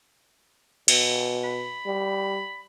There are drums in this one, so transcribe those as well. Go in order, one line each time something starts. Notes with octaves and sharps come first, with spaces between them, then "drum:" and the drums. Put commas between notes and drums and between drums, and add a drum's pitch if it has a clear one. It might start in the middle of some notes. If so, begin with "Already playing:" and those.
B2, drum: cymbal
B5
G3